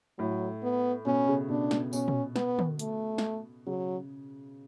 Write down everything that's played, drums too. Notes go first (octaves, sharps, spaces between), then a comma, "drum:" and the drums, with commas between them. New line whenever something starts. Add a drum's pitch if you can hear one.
A2 F#3
B3
B2 C#4
C#3
B2 D4
B2, drum: snare
B2 C#4, drum: tambourine
drum: tom A#2
B3, drum: snare
drum: tom
A3, drum: hi-hat
drum: snare
C#3 F#3